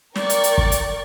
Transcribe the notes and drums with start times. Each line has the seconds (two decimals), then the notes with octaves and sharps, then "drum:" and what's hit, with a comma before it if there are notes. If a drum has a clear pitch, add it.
0.16 A#4 D5 G5 C#6, drum: snare
0.30 drum: hi-hat
0.44 drum: hi-hat
0.58 drum: kick
0.72 drum: hi-hat